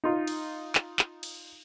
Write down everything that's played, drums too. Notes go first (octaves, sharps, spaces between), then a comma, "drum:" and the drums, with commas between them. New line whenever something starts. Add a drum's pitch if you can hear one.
D#4 F4
drum: cymbal
drum: clap
drum: clap
drum: cymbal